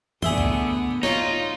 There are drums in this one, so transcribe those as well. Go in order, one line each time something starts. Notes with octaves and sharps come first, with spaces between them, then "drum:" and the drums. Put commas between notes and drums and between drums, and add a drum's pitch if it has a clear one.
A2 D3 B3 G#4 E5 C6, drum: tom
drum: kick
D#4 F4 C#5, drum: snare